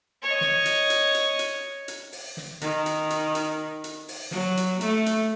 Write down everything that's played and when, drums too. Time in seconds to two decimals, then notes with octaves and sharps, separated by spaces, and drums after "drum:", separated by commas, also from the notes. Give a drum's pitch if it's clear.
0.23 C#5 D#5
0.41 drum: snare
0.65 drum: hi-hat
0.90 drum: hi-hat
1.14 drum: hi-hat
1.39 drum: hi-hat
1.88 drum: hi-hat
2.12 drum: open hi-hat
2.37 drum: snare
2.61 D#3, drum: hi-hat
2.86 drum: hi-hat
3.10 drum: hi-hat
3.35 drum: hi-hat
3.84 drum: hi-hat
4.08 drum: open hi-hat
4.31 F#3, drum: snare
4.57 drum: hi-hat
4.81 A3, drum: hi-hat
5.06 drum: hi-hat